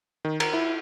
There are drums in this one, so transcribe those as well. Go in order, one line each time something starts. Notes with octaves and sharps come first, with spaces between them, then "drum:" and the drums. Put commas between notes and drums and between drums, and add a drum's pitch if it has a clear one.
D#3
A#4, drum: cymbal
E4